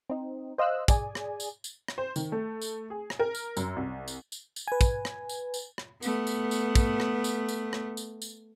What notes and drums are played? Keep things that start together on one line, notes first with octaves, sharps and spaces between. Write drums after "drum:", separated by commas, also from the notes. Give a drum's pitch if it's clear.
C4 D#4
C5 D#5 F5 E6 F#6
G#4 D5 G#5, drum: kick, tambourine
drum: rim click
drum: tambourine
drum: tambourine
drum: rim click
C5
D#3, drum: tambourine
A3
drum: tambourine
G#4
drum: rim click
A#4
drum: tambourine
F#2, drum: tambourine
C2
drum: tambourine
drum: tambourine
drum: tambourine
B4 G#5
drum: kick, tambourine
drum: rim click
drum: tambourine
drum: tambourine
drum: rim click
A3 B3, drum: tambourine
drum: tambourine
drum: tambourine
drum: kick, tambourine
drum: rim click
drum: tambourine
drum: tambourine
drum: rim click
drum: tambourine
drum: tambourine